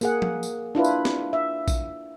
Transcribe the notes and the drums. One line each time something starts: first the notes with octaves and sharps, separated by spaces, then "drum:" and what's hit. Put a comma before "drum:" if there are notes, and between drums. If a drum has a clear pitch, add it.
A#3 G#4 F#5, drum: tambourine
drum: tom F3
drum: tambourine
D4 E4 F4 B4
drum: tambourine
drum: snare
E5
drum: kick A#1, tambourine